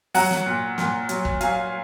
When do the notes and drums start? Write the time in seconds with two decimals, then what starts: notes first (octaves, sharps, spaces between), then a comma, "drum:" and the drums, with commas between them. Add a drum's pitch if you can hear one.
0.14 F#3 F#5 A#5, drum: open hi-hat
0.31 drum: snare
0.46 A#2
0.78 A#2, drum: snare
1.09 F#3, drum: hi-hat
1.25 drum: kick
1.41 F#3 F5 G#5, drum: hi-hat